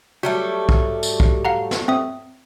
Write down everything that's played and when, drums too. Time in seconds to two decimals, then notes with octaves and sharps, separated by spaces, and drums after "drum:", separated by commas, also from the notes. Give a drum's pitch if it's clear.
0.23 F#3 G3 A3 F#4
0.69 drum: kick B1
1.03 drum: tambourine
1.20 drum: kick B1
1.45 F5 F#5 A#5
1.71 drum: snare
1.88 C4 E5 D#6